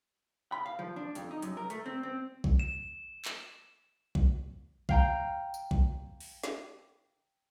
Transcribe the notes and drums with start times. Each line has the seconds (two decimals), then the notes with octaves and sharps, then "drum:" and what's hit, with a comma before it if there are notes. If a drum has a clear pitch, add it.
0.52 B5
0.66 F5
0.79 F3
0.96 D4
1.15 F2, drum: hi-hat
1.31 D#4
1.42 F#2, drum: hi-hat
1.57 A#4
1.70 A3, drum: hi-hat
1.86 C4
2.03 C4
2.44 drum: kick A#1
2.60 E7
3.25 drum: clap
4.15 drum: kick A#1
4.89 F5 G5 A#5, drum: kick A#1
5.54 drum: tambourine
5.71 drum: kick A#1
6.20 drum: open hi-hat
6.44 drum: snare